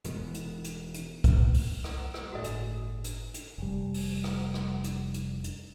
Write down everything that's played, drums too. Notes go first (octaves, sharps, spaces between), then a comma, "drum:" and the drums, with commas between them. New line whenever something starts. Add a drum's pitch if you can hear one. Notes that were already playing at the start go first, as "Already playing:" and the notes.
E1 E3 G#3 B3, drum: hi-hat
drum: hi-hat
drum: hi-hat
drum: hi-hat
drum: kick C2, hi-hat
drum: open hi-hat
drum: rim click
drum: rim click
G1 A2 F#4 G#4 A4 D#5
drum: hi-hat
drum: hi-hat
drum: hi-hat
F1 G3
drum: open hi-hat
drum: rim click
drum: rim click
drum: hi-hat
drum: hi-hat
drum: hi-hat